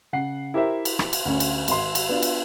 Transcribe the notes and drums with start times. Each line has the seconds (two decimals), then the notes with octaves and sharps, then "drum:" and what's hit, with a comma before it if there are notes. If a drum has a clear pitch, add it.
0.13 C#3 F#5 C7
0.54 E4 G4 A#4 C5 E5
0.85 drum: cymbal
0.99 drum: rim click
1.13 drum: cymbal
1.25 D2 C#4
1.40 drum: cymbal
1.68 G#1 C6, drum: cymbal
1.95 drum: cymbal
2.09 B3 D4 F4
2.23 drum: cymbal